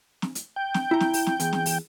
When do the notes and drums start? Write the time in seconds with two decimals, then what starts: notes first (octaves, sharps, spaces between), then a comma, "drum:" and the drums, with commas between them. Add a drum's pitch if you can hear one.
0.22 drum: snare
0.35 drum: hi-hat
0.56 G5
0.74 drum: snare
0.91 E4 A#5
1.00 drum: snare
1.13 drum: open hi-hat
1.27 drum: snare
1.40 E2, drum: hi-hat
1.53 drum: snare
1.66 drum: open hi-hat